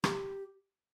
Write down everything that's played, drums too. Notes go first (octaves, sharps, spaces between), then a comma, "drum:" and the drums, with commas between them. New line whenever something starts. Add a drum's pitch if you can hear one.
G4, drum: rim click